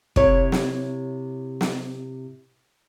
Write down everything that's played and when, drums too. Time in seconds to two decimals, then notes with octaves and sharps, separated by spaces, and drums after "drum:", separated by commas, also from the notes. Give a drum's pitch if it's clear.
0.16 C3 E4 C#5, drum: kick
0.52 drum: snare
1.61 drum: snare